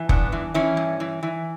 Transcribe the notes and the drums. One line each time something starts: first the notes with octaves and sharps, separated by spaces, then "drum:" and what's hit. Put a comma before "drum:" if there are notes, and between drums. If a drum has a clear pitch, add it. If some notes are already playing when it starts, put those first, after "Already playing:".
Already playing: E3
G2 B3 D4, drum: kick F1
E3
E3 C#4 E4
G2
E3
E3